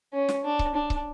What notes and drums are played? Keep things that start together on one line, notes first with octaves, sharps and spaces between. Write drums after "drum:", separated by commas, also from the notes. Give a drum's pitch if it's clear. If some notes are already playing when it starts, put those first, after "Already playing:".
C#4
drum: snare
D4
drum: kick C#1
D4
drum: kick C#1